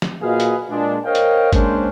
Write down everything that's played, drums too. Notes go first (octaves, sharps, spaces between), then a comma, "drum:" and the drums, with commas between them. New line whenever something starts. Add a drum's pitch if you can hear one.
drum: snare
A#2 F#4 G#4 B4 D#5 F5
drum: hi-hat
A#2 G#3 D4
A#4 C5 C#5 D#5 F5 G5
drum: hi-hat
G#3 A#3 C#4 D4 C5, drum: kick G1, hi-hat